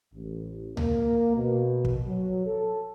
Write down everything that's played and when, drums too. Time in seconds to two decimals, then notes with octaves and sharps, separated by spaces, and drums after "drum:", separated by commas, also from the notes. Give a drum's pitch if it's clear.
0.13 A1
0.77 A#3, drum: tom C#2
1.36 B2
1.85 drum: kick
2.06 F#3
2.46 A4